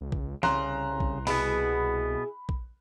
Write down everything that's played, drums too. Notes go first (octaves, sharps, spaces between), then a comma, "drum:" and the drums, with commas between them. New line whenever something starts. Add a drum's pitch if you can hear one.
C#2
drum: kick A#1
C2 C#3 A#5 C6 F#6, drum: snare
drum: kick A#1
B2 B3 E4 G#4 B5, drum: open hi-hat
drum: kick A#1